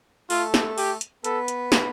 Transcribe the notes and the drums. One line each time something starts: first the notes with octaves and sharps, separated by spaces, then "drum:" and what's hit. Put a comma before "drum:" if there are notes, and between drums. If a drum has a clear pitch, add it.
A3 F4 A4, drum: open hi-hat
drum: snare
G4, drum: open hi-hat
drum: hi-hat
B3 A4 B4, drum: hi-hat
drum: hi-hat
drum: snare